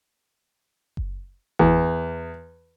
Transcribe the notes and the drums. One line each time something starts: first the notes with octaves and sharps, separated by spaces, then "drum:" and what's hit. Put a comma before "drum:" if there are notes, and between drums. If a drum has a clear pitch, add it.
drum: kick F#1
E2, drum: kick F#1